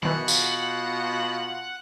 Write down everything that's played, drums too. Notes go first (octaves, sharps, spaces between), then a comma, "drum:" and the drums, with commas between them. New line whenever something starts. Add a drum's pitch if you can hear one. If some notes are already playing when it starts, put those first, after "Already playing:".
B2 D#3 E3 F#5
F4, drum: tambourine